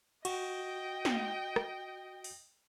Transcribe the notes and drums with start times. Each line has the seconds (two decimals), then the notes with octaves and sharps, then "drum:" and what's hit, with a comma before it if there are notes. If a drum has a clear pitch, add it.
0.25 F#4 D#5 G5, drum: cymbal
1.05 drum: snare
1.56 drum: rim click
2.24 drum: open hi-hat